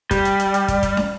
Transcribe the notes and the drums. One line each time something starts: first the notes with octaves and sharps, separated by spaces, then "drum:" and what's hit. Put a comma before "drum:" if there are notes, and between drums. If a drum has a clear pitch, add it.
G3, drum: kick, hi-hat
drum: hi-hat
drum: hi-hat
drum: hi-hat
drum: kick, hi-hat
drum: kick, hi-hat
drum: snare